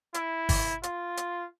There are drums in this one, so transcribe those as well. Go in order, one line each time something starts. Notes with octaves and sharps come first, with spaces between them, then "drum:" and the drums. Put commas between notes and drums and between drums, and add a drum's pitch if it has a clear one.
E4, drum: hi-hat
drum: kick G1, open hi-hat
F4, drum: hi-hat
drum: hi-hat